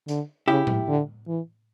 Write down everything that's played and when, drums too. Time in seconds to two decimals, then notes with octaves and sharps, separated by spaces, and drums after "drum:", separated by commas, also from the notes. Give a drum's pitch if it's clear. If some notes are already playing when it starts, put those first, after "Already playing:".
0.08 D3, drum: hi-hat
0.48 C#3 E4 G4
0.67 drum: tom A2
0.88 D3
1.28 E3